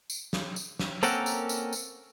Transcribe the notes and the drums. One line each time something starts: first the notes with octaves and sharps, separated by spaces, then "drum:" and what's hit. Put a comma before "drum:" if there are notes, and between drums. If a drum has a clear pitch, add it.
drum: tambourine
drum: snare
drum: tambourine
drum: snare
A#3 C4 C#4 A4 A#4 F#5, drum: tambourine
drum: tambourine
drum: tambourine
drum: tambourine